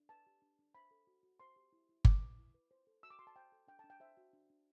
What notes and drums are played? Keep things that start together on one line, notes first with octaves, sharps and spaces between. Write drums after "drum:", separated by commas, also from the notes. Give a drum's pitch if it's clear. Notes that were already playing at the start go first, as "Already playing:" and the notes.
Already playing: D4
B4 A5
G4
D4
D4
C5 B5
A4
F#4
F#4
C5 C6
G4
E4
E4
E4 D6, drum: kick G1
B4
E4
B4
C5
A4
F#4 E6
D6
F#4 C6
A5
C5 G5
A4
D4 G5
A5
D4
G5
C5 E5
F#4
D4
D4